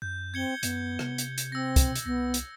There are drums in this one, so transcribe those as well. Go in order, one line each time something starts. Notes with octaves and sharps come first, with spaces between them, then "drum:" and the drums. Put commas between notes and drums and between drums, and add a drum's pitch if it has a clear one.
F#2 G6
C4 G#6 C#7 G7
F#2 B3, drum: hi-hat
C3, drum: rim click
drum: hi-hat
drum: hi-hat
C4 E6 A#6
drum: kick, hi-hat
drum: hi-hat
C2 B3 A#6
drum: hi-hat